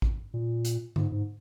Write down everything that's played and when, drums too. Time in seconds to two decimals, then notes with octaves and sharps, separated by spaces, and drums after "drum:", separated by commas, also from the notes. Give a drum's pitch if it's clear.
0.02 drum: kick A1
0.34 A#2
0.65 drum: hi-hat
0.96 G#2, drum: tom D3
1.12 G#2